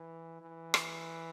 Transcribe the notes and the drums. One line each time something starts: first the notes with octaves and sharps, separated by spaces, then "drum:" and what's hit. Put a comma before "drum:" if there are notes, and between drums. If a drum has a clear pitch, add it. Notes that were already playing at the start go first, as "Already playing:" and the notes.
Already playing: E3
E3
drum: rim click